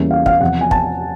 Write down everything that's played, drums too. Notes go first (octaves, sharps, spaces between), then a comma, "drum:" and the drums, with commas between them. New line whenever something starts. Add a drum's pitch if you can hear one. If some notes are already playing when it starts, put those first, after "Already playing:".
Already playing: E2 C#3 E3 G3 A#3
F5
F5, drum: kick
E2 C3 F3 F#5
G#5
A5, drum: kick